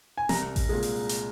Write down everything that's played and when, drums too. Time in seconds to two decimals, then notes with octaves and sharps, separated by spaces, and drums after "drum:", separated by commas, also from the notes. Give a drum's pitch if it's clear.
0.17 G#5
0.29 C2 A#5, drum: snare
0.56 drum: kick A1, open hi-hat
0.69 A#2 G#3
0.83 drum: open hi-hat
1.09 drum: hi-hat